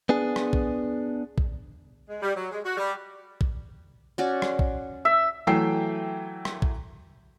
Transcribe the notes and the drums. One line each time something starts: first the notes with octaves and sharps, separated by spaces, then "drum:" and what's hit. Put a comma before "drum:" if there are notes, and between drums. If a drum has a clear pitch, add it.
B3 D4 G#4
drum: rim click
drum: kick A#1
drum: kick A#1
G#3
G3
F#3
G#3
F#4
G3
drum: kick A#1
C#4 F#4 D5
drum: rim click
drum: kick A#1
E5
E3 F#3 A3 G5 E6 C7
drum: rim click
drum: kick A#1